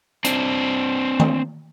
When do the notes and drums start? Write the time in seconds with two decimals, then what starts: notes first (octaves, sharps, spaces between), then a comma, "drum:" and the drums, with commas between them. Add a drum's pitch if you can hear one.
0.25 C4 D4, drum: hi-hat
1.20 drum: tom D#3